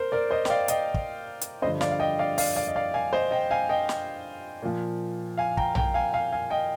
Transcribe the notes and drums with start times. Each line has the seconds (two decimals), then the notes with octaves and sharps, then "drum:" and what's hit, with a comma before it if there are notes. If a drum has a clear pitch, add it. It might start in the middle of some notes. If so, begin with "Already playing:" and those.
Already playing: A#4 C5
0.12 A#4 D5
0.31 C5 D#5
0.45 G5, drum: snare
0.50 D5 F5
0.68 D#5 G5, drum: hi-hat
0.94 drum: kick
1.41 drum: hi-hat
1.62 G2 D3 F3 C5 D#5
1.81 D5 F5, drum: snare
1.91 F5
1.99 D#5 G5
2.19 D5 F5
2.38 D5 F5, drum: open hi-hat
2.56 D5 F5
2.68 D#5
2.76 D5 F5
2.94 F5 G#5
3.13 C5 D#5
3.31 D#5 G5
3.51 F5 G#5
3.69 D#5 G5
3.89 drum: snare
4.62 A#2 F3
5.38 F5 G#5
5.57 G5 A#5, drum: kick
5.75 G5 A#5, drum: tom A#1
5.94 F5 G#5
6.13 F5 G#5
6.33 F5 G#5
6.50 D#5 G5